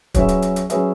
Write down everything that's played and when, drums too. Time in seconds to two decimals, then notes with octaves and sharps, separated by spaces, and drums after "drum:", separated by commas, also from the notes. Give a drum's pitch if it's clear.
0.14 F#3 C#4 G#4 B4 E5, drum: kick, hi-hat
0.28 drum: hi-hat
0.42 drum: hi-hat
0.56 drum: hi-hat
0.70 F#3 C#4 G#4 B4 E5, drum: hi-hat